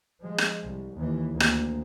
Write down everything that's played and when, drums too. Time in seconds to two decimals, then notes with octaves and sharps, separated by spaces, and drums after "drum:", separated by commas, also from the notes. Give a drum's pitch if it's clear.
0.21 F3 G#3
0.38 drum: rim click
0.64 C2
0.97 D#2 E3
1.31 D2 A#3
1.40 drum: rim click